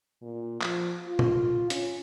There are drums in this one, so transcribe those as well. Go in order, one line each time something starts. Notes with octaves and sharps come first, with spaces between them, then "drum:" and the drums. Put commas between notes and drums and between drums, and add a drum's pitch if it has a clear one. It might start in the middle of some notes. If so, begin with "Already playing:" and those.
A#2
F3, drum: clap
F4
drum: tom
C#4, drum: hi-hat